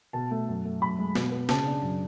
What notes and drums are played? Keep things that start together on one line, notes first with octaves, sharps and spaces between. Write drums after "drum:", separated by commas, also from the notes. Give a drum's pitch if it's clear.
B2 A5
A3
F#2
A3
F#2 B5
G#3
B2, drum: snare
B3
C#3 A5, drum: snare
D4
F#2